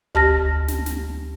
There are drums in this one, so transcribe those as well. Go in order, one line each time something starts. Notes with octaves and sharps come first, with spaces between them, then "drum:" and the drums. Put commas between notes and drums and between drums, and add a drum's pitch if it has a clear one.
D2 G4 A5 F6 A#6, drum: kick
drum: snare
drum: snare